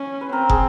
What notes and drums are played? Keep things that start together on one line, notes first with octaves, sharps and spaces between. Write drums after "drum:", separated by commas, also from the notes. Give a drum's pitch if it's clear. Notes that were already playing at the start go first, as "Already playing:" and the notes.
Already playing: C#4
B4
C4 A#4
G#4, drum: kick